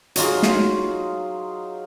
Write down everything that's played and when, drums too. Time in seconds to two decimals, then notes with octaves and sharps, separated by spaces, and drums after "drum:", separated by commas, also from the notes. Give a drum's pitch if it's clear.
0.16 F#3 D#4 F4 G#4, drum: hi-hat
0.43 drum: snare